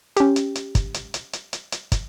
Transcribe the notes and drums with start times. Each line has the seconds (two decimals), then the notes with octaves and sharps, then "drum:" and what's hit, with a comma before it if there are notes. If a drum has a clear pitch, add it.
0.17 C#4 G4, drum: hi-hat
0.36 drum: hi-hat
0.55 drum: hi-hat
0.75 drum: kick, hi-hat
0.94 drum: hi-hat
1.14 drum: hi-hat
1.33 drum: hi-hat
1.53 drum: hi-hat
1.72 drum: hi-hat
1.92 drum: kick, hi-hat